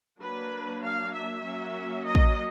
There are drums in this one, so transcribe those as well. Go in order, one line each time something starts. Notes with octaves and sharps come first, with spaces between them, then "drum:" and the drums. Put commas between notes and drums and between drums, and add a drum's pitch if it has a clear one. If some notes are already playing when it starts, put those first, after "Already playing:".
F#3 A#3 D4 B4
F5
E5
F#3 A#3 C#4
D#5
drum: kick